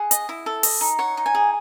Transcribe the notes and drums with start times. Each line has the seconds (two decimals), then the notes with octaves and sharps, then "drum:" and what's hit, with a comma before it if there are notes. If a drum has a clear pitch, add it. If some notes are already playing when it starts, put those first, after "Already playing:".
Already playing: G#4 F#5
0.11 D#5, drum: hi-hat
0.29 E4
0.46 A4
0.63 D#5, drum: open hi-hat
0.81 D#4
0.99 C#5 F#5
1.17 D#4
1.26 G#5
1.35 G#4